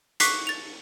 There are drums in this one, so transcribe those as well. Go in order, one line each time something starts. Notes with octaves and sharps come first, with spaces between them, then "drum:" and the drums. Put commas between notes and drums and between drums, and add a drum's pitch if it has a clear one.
C#6 D6 F#6 B6 C7, drum: hi-hat
A6 F7